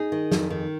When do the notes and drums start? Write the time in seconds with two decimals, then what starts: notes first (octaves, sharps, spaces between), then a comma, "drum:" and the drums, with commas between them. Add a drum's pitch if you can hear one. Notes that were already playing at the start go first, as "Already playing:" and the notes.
Already playing: D#4 G#4
0.12 D#3
0.31 F2, drum: snare
0.50 D#3